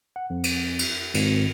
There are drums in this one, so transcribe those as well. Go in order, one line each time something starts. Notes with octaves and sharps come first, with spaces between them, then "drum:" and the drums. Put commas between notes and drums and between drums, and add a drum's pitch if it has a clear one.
F#5
F2
drum: cymbal
drum: cymbal
G#1, drum: cymbal